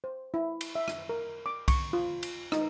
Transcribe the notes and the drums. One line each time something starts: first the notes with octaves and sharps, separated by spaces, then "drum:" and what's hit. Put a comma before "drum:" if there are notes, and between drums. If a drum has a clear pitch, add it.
C5
E4
drum: cymbal
E5
drum: rim click
A#4
D6
C#6, drum: kick C2, cymbal
F4
drum: cymbal
D#4, drum: rim click